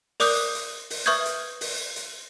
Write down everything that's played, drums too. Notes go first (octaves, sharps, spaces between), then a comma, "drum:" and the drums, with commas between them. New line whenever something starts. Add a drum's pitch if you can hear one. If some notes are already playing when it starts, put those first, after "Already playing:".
A#4 D5 D6 D#6 F#6 G6, drum: open hi-hat
drum: hi-hat
drum: open hi-hat
B4 E5 C#6 D#6 G6 G#6
drum: hi-hat
drum: open hi-hat
drum: hi-hat